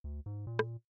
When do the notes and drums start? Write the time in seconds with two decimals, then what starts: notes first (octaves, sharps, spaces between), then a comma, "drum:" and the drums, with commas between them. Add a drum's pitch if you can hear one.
0.04 D2
0.26 G#2
0.47 A#2
0.59 drum: rim click